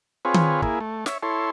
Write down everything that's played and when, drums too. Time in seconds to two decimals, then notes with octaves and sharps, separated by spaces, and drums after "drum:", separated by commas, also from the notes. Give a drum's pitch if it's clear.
0.25 C4 F4 G#4 B4 C#5
0.34 drum: tom D#3
0.62 A#3 E4 G#4, drum: kick
0.80 A3
1.06 C#5 E5, drum: snare
1.23 E4 A4 C#5 C6